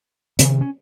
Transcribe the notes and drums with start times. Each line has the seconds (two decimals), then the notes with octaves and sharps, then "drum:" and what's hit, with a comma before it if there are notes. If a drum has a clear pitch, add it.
0.39 C3 D#3, drum: hi-hat
0.61 C#4